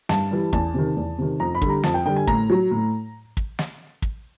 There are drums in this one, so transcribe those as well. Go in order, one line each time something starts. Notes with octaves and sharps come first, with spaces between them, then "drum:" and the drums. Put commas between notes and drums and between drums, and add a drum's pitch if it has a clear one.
G2 A5, drum: snare
E3 G3
E2 A5, drum: kick
C3 D#3
E2
C3 D#3
F2 A#5
B5
D3 G3, drum: kick
A#5
F2 A5, drum: snare
G5
D3 G3 G5
G#5
A2 A#5, drum: kick
F#3
A2
drum: kick
drum: snare
drum: kick